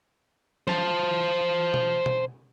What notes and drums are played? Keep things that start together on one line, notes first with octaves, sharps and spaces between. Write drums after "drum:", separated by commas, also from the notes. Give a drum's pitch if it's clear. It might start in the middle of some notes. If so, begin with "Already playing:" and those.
C5 A5, drum: snare
drum: tom B2
drum: tom B2